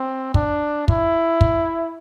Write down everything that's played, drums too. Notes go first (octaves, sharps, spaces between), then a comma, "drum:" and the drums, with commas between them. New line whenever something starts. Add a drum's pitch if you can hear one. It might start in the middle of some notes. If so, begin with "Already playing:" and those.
Already playing: C4
D4, drum: kick
E4, drum: kick
drum: kick